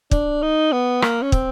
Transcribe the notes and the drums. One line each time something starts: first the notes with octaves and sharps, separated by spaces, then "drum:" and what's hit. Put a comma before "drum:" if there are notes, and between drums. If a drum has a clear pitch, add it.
D4, drum: kick
D#4
B3
A#3, drum: rim click
C#4
C4, drum: kick